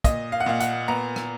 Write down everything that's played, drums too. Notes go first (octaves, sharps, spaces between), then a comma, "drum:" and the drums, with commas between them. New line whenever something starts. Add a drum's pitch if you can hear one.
A#2 D#5, drum: kick, hi-hat
F5
F#5
A#2 F5
F#5, drum: hi-hat
B3 A#5
drum: rim click